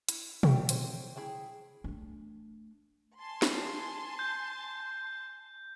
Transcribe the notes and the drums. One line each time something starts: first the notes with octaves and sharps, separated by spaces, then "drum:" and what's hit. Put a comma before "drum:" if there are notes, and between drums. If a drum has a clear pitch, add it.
E4, drum: hi-hat
E4 F#4 G4 G5, drum: tom
C4 C5 C#5, drum: hi-hat
E4 G#4 G5 A5
A3 D4
G#5 A5 C6
drum: snare
G6